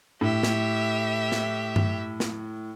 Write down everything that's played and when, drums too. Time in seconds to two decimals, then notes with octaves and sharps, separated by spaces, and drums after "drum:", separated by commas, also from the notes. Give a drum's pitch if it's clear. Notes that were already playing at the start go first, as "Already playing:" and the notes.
0.21 A2 G4 E5
0.43 drum: snare
1.32 drum: snare
1.76 drum: tom G2
2.20 drum: snare